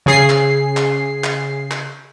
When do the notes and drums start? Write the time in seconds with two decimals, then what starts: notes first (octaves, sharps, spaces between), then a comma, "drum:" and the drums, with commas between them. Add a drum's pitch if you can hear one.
0.06 C#3 G#4 C7
0.30 drum: clap
0.77 drum: clap
1.24 drum: clap
1.71 drum: clap